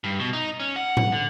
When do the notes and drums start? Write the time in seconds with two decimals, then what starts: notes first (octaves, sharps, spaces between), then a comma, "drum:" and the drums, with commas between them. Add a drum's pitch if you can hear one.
0.04 G2
0.20 B2
0.33 D#4
0.60 C#4
0.76 F#5
0.97 drum: tom A2
1.12 D3